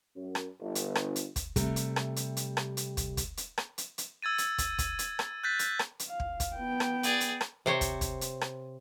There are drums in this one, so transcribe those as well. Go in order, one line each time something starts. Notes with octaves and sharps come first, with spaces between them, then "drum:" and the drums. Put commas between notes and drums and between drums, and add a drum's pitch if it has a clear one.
F#2
drum: rim click
G1
drum: hi-hat
drum: rim click
drum: hi-hat
drum: kick, hi-hat
C3 G3 A3, drum: kick, hi-hat
drum: hi-hat
drum: rim click
drum: hi-hat
drum: hi-hat
drum: rim click
drum: hi-hat
drum: kick, hi-hat
drum: kick, hi-hat
drum: hi-hat
drum: rim click
drum: hi-hat
drum: hi-hat
E6 G#6 A6 D#7
drum: hi-hat
drum: kick, hi-hat
drum: kick, hi-hat
drum: hi-hat
drum: rim click
F#6 G6 A6 B6
drum: hi-hat
drum: rim click
drum: hi-hat
F5
drum: kick
drum: kick, hi-hat
B3 G5
drum: rim click
G#4 D5, drum: hi-hat
drum: hi-hat
drum: rim click
C3 C5 C#5
drum: kick, hi-hat
drum: kick, hi-hat
drum: hi-hat
drum: rim click